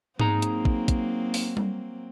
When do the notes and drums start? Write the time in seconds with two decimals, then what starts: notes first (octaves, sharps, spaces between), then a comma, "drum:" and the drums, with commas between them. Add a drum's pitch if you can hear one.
0.20 F#3 A#3 C4 D#4 G#4 A#5, drum: tom G#2
0.42 drum: hi-hat
0.65 drum: kick
0.88 drum: kick, hi-hat
1.34 drum: open hi-hat
1.57 drum: tom G3